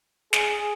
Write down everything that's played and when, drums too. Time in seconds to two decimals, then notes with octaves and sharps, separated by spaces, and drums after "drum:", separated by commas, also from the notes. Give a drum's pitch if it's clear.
0.33 G#4, drum: snare